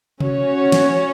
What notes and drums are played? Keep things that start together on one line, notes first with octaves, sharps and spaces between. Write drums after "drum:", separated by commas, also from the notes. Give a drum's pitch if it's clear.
C#4 F#4 C#5, drum: tom C3
drum: snare